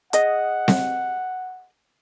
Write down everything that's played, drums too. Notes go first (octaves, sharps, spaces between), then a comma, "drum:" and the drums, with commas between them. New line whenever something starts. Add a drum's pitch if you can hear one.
G#4 D#5 F#5, drum: hi-hat
drum: snare C4